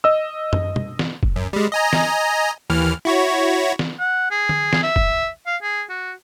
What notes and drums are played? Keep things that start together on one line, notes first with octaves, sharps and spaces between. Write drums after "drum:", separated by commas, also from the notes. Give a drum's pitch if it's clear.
D#5 E6
drum: tom F#2
drum: tom
drum: snare
drum: kick
F#2
G3 G#3
D#5 G#5 A#5
drum: snare
D#2 E3 F6
E4 F#4 C#5
drum: snare
F#5
G#4
drum: tom D3
drum: snare
E5
drum: kick
F5
G#4
F#4